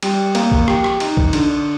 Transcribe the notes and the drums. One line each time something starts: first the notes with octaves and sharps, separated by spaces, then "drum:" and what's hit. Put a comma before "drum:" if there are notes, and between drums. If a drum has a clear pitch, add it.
G3, drum: cymbal
A#3, drum: cymbal
drum: kick
G4, drum: rim click
drum: rim click
D#4, drum: cymbal
drum: kick
D3, drum: cymbal